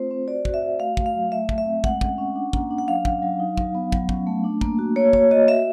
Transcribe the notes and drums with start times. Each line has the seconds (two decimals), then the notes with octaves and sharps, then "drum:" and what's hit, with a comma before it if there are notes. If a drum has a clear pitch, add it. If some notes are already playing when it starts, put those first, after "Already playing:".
Already playing: A3 C4 F4 C5
0.11 C4
0.28 F#4 D5
0.45 F#4, drum: kick
0.54 E5
0.62 F#4
0.80 A3 F5
0.97 A3, drum: kick
1.06 F5
1.15 F#3
1.32 A3 E5
1.49 A3, drum: kick
1.58 E5
1.66 C4
1.84 G#3 F#5, drum: kick
2.01 C#4, drum: kick
2.18 C#4
2.36 D4
2.53 A#3, drum: kick
2.70 D4
2.78 F#5
2.88 F#3 F5
3.05 C#4, drum: kick
3.22 F#3
3.40 D#4
3.58 F#3, drum: kick
3.75 B3
3.92 F#3, drum: kick
4.09 C#4, drum: kick
4.27 A3
4.44 D4
4.61 A#3, drum: kick
4.79 F#4
4.96 A#3 C#5
5.13 F#4 C#5, drum: kick
5.31 F#4 D#5
5.48 F#4 E5